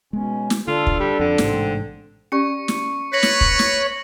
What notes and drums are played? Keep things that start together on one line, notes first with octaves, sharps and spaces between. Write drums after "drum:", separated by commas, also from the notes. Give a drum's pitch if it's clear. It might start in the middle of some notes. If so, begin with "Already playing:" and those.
B2 G#3 B3 C#4
drum: snare
D3 D4 F4 A4
drum: kick
G3
F2 D3
A1 G#2 C3 C4, drum: snare
C#4 G4 D5 C#6 C#7
drum: snare
B4 C#5 A#6 C#7 F#7
drum: snare
drum: kick
drum: snare